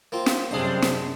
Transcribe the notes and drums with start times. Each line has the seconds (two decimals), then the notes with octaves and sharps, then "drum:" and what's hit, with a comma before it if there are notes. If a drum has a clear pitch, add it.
0.12 A#3 C4 F4
0.26 drum: snare
0.51 F#2 C3 G3 G#3 D4 G#4 C5 D#6
0.82 drum: snare